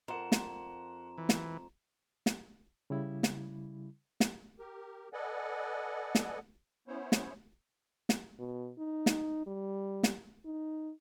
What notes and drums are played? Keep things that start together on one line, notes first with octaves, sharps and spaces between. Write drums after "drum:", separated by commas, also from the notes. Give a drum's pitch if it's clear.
F2 A#4 F#5 A#5 C6 E7
drum: snare
E3
drum: snare
drum: snare
C#3 G3 E4
drum: snare
drum: snare
G4 A#4
A4 B4 D5 D#5 F#5 G#5
drum: snare
B3 C#4 E4 C5 C#5
drum: snare
drum: snare
B2
D#4
drum: snare
G3
drum: snare
D#4